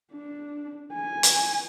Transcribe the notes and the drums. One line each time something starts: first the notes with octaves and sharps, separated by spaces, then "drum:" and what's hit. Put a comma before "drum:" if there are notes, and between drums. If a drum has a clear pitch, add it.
D4
G#5
drum: hi-hat